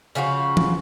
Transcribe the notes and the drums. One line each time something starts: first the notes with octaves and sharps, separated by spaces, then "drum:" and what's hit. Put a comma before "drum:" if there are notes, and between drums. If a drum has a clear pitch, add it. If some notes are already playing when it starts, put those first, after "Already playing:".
C#3 F3 F4 F#4
drum: tom E3